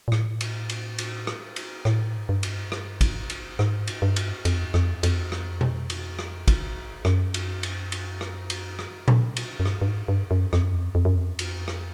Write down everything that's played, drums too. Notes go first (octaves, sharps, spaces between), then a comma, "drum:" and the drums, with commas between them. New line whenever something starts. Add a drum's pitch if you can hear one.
A#2
A2, drum: rim click
drum: cymbal
drum: cymbal
drum: cymbal
drum: rim click
drum: cymbal
A2, drum: rim click
G#2
G2
drum: cymbal
drum: rim click
drum: kick, cymbal
drum: cymbal
G#2, drum: rim click
drum: cymbal
G2
drum: cymbal
F2, drum: cymbal
F2, drum: rim click
F2, drum: cymbal
drum: rim click
drum: tom B2
drum: cymbal
drum: rim click
drum: kick, cymbal
F#2, drum: rim click
drum: cymbal
drum: cymbal
drum: cymbal
drum: rim click
drum: cymbal
drum: rim click
drum: tom A#2
drum: cymbal
F#2
G2, drum: rim click
G2
G#2
G2
F#2
F2, drum: rim click
F#2
F2
F2
F#2
F2
drum: cymbal
drum: rim click